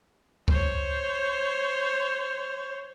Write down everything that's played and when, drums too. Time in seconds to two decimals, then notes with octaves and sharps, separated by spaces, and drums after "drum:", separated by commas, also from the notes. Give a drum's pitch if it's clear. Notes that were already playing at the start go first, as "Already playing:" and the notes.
0.48 C5 C#5, drum: kick C#2